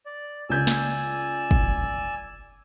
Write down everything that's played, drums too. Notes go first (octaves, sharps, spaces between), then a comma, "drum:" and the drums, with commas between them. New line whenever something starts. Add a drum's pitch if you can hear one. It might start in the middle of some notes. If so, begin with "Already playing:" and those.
D5
C#2 D5 G#5 E6 G6 G#6
drum: snare
drum: kick